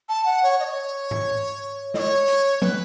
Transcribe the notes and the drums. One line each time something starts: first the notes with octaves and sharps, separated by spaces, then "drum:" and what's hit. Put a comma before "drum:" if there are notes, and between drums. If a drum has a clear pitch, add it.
A5
F#5
C#5
D#5
C#5
drum: tom G#2
D#5, drum: snare
C#5
drum: hi-hat
B4, drum: tom